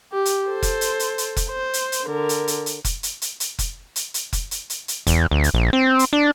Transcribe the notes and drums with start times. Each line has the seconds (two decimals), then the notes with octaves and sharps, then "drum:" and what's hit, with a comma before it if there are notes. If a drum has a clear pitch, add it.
0.12 G4
0.25 drum: hi-hat
0.48 A4 C5
0.62 drum: kick F1, hi-hat
0.81 drum: hi-hat
1.00 drum: hi-hat
1.18 drum: hi-hat
1.37 drum: kick F1, hi-hat
1.49 C5
1.74 drum: hi-hat
1.92 drum: hi-hat
2.06 D3 A#4
2.29 drum: hi-hat
2.48 drum: hi-hat
2.66 drum: hi-hat
2.85 drum: kick F1, hi-hat
3.03 drum: hi-hat
3.22 drum: hi-hat
3.40 drum: hi-hat
3.59 drum: kick F1, hi-hat
3.96 drum: hi-hat
4.14 drum: hi-hat
4.33 drum: kick F1, hi-hat
4.51 drum: hi-hat
4.70 drum: hi-hat
4.88 drum: hi-hat
5.07 E2, drum: kick F1, hi-hat
5.31 D2
5.44 drum: hi-hat
5.54 A#1
5.73 C4
5.99 drum: hi-hat
6.13 D4